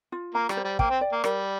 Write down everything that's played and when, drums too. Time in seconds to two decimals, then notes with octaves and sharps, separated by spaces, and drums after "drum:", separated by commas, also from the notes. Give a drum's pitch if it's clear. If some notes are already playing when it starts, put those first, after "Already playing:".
0.12 F4
0.34 A#3 A#5
0.49 G3, drum: rim click
0.57 C5
0.65 G3
0.79 A#3 G5, drum: kick
0.90 C4
1.01 D5
1.12 A#3
1.24 G3 A#4, drum: rim click